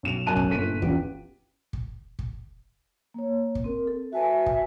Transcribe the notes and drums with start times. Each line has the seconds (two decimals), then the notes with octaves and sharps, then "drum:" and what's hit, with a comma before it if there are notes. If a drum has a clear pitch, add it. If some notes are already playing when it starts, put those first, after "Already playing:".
0.03 B1 E7 F7
0.27 B1 F#2 G#5 A5 F#6 D#7
0.37 drum: kick
0.50 G1 A#2 A4 B6 D7 D#7
0.82 E2 C#4 F4 G4 D7, drum: kick
1.73 drum: kick
2.19 drum: kick
3.14 A#3 C#5
3.55 drum: kick
3.64 C4 A#4
3.87 A4
4.13 F#4 B4 E5 G#5 A5
4.46 drum: kick